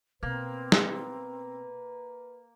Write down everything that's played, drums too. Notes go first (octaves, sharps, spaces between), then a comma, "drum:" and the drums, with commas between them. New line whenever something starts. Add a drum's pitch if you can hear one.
B2 A#3 C4 B4
drum: snare